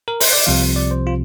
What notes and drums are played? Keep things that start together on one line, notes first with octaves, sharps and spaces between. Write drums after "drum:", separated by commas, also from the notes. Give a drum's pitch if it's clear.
A#4
C5, drum: open hi-hat
D5
C2 C3 F3 F5
D5
C5
F4